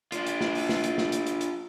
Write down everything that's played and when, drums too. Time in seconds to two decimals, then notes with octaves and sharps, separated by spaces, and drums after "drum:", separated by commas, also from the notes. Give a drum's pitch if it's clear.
0.12 D4 F4, drum: hi-hat
0.26 drum: hi-hat
0.41 drum: snare
0.55 drum: open hi-hat
0.69 drum: snare
0.84 drum: hi-hat
0.98 drum: snare
1.12 drum: hi-hat
1.26 drum: hi-hat
1.41 drum: hi-hat